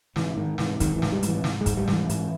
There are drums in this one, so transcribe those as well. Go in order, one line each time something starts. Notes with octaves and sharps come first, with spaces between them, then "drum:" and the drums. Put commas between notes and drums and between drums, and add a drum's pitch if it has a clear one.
G#2 E3, drum: snare
G#2 D#3
G#2 E3, drum: snare
G#2 D#3, drum: kick, hi-hat
E3
G#2, drum: snare
G3
G#2, drum: hi-hat
E3
G#2, drum: snare
G#3
G#2, drum: kick, hi-hat
G3
G#2 E3, drum: snare
G#2, drum: hi-hat